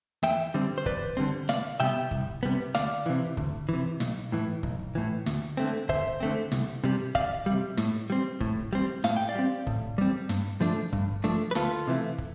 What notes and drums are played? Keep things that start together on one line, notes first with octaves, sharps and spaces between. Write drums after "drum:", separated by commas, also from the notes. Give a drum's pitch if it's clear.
E2 E5 G5, drum: snare
D3 G3 C4
C5
E2 B4 D5, drum: kick
D3 G3 C4
C2 D5 F5, drum: snare
C3 G3 B3 E5 G5
C2, drum: kick
C3 G3 B3
D2 D5 F5, drum: snare
C3 E3
D2, drum: kick
C3 E3
B1, drum: snare
A2 E3
B1, drum: kick
A2 E3
D2, drum: snare
D3 A3 C4
D2 C5 E5, drum: kick
D3 A3 C4
C2, drum: snare
C3 G3
C2 D5 F5, drum: kick
C3 G3
A2, drum: snare
G3 C4
A2, drum: kick
G3 C4
A2 F5, drum: snare
G5
D5 F5
G3 C4
A2, drum: kick
G3 C4
G2, drum: snare
F3 A3 D4
G2, drum: kick
F3 A3 D4
B4
D2 F4 A4, drum: snare
C3 E3 A3
drum: kick